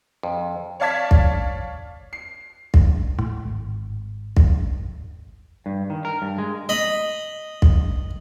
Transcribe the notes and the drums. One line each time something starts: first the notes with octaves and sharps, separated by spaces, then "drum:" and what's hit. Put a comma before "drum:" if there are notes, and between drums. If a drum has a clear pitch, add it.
F2
C#5 D5 F5 A5 G#6 B6
drum: kick
C7
drum: kick
A2
G#1
drum: kick
G2
D#3
A#4
G2
G#3
D#5 B5
drum: kick